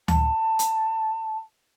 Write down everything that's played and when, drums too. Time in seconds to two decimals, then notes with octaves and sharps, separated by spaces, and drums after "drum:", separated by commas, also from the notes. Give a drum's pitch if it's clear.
0.08 A5, drum: tom D2
0.59 drum: hi-hat